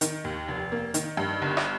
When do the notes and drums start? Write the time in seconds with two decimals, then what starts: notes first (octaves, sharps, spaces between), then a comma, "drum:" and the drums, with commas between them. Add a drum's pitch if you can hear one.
0.01 D#3, drum: hi-hat
0.24 D#2
0.48 F1
0.72 A#3
0.94 D#3, drum: hi-hat
1.17 G2
1.42 G1
1.57 drum: rim click